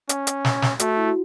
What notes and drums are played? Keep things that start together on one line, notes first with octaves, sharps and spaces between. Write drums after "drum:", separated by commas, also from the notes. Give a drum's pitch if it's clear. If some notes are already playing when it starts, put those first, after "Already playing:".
C#4, drum: hi-hat
drum: hi-hat
drum: snare
drum: snare
A3 F#4, drum: hi-hat
E4
F#4